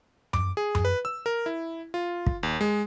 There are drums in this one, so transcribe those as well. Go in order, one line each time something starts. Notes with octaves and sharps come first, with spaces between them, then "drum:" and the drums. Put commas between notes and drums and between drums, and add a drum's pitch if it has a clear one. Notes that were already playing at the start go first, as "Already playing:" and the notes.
D6, drum: tom F#2
G#4
drum: tom F#2
B4
E6
A#4
E4
F4
drum: kick
D#2
G#3